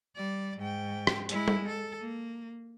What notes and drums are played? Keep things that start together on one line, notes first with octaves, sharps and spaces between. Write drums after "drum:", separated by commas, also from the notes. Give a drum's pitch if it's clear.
G3 D5
G#2 G5
drum: rim click
G#3 E4, drum: hi-hat
drum: tom
A4
A#3